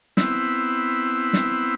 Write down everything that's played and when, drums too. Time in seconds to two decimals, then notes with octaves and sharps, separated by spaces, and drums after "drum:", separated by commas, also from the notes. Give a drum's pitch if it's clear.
0.17 B3 C4 E4, drum: snare
1.33 drum: snare